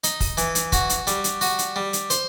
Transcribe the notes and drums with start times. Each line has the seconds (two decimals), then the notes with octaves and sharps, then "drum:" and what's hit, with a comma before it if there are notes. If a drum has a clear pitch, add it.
0.04 D#4, drum: hi-hat
0.20 drum: kick, open hi-hat
0.37 E3, drum: hi-hat
0.55 drum: hi-hat
0.72 F#4, drum: kick, hi-hat
0.89 drum: hi-hat
1.07 G3, drum: hi-hat
1.24 drum: hi-hat
1.41 F#4, drum: open hi-hat
1.59 drum: hi-hat
1.76 G3
1.93 drum: hi-hat
2.10 C5, drum: hi-hat